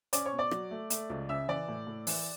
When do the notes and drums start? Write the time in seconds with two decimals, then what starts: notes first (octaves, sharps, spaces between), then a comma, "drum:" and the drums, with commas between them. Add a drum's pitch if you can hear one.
0.13 C#4 D5 D6, drum: hi-hat
0.26 C#5 C#6
0.32 B2
0.39 D5 D6
0.51 F#3, drum: rim click
0.71 A3
0.90 A3, drum: hi-hat
1.10 C#2
1.29 C#3 E5 E6
1.48 E3 D5 D6
1.68 A2
1.87 A2
2.07 E3, drum: open hi-hat